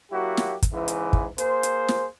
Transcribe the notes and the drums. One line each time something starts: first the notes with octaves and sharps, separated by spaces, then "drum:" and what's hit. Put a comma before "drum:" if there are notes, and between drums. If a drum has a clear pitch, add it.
F#3 A#3 E4 F#4 G4
drum: snare
drum: kick, hi-hat
G#2 C#3 E3
drum: hi-hat
drum: kick
A#3 G#4 C5, drum: hi-hat
drum: hi-hat
drum: snare